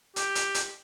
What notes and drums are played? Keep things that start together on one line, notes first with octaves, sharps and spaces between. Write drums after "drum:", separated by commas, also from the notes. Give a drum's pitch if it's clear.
G4, drum: hi-hat
drum: hi-hat
drum: hi-hat